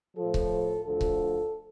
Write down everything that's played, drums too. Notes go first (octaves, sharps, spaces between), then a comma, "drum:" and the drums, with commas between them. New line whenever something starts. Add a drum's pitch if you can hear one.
F3 A4
A2
drum: kick C#1
D2 D3 F3 A4
drum: kick C#1